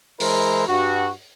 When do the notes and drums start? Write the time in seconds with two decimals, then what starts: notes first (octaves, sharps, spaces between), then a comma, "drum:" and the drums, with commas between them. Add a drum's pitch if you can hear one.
0.20 E3 G#3 E4 A#4 C5, drum: open hi-hat
0.68 G2 F#4